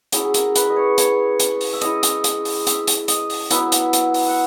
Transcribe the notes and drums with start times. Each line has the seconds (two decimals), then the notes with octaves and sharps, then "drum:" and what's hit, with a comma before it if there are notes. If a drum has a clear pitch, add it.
0.12 F#3 C#4 E4 G#4, drum: hi-hat
0.25 G#4
0.34 A#4, drum: hi-hat
0.55 B4, drum: hi-hat
0.70 D#5
0.76 C#5
0.98 C#5, drum: hi-hat
1.40 drum: hi-hat
1.61 drum: open hi-hat
1.73 E5
1.81 G#3 C#4 E4 D#5, drum: hi-hat
2.03 drum: hi-hat
2.24 drum: hi-hat
2.45 drum: open hi-hat
2.67 E5, drum: hi-hat
2.87 drum: hi-hat
3.08 D#5, drum: hi-hat
3.30 drum: open hi-hat
3.51 F#3 B3 E4 E5, drum: hi-hat
3.72 drum: hi-hat
3.93 drum: hi-hat
4.14 drum: open hi-hat
4.28 F#5